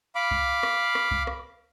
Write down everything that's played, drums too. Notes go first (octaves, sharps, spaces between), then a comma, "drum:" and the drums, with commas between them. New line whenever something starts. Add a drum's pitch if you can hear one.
F5 B5 D6
drum: kick C2
drum: rim click
drum: rim click
drum: kick C2
drum: rim click